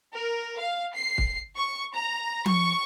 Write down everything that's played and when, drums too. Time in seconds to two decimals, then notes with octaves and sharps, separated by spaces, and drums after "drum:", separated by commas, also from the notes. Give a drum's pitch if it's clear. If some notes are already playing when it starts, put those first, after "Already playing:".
0.12 A#4
0.58 F5
0.94 C7
1.18 drum: kick
1.56 C#6
1.93 A#5
2.46 C#6, drum: tom F3